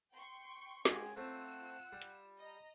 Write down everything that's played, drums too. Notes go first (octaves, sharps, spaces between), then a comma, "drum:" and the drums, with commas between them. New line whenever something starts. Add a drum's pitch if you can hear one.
G5 C6 C#6
G#3 C#4 F#4 G4 G#5, drum: snare
A3 C4 F4 F#5 E6
G3
drum: hi-hat
D#5 A#5